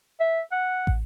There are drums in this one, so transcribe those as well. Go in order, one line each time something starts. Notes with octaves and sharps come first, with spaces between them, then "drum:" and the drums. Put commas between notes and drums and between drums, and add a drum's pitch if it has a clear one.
E5
F#5
drum: kick